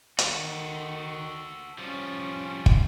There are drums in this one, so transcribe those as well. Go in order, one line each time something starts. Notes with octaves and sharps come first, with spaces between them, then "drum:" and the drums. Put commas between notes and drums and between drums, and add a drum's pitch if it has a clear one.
D#3 F#4 A4, drum: hi-hat
F3 G3 C#4
drum: kick